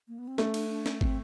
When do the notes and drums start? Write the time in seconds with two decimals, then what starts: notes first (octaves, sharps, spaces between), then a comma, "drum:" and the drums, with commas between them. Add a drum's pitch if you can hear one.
0.08 A#3
0.19 B3
0.28 C4
0.38 A3 C#4, drum: snare
0.54 D4, drum: cymbal
0.69 D4
0.86 C#4, drum: snare
1.01 C4, drum: kick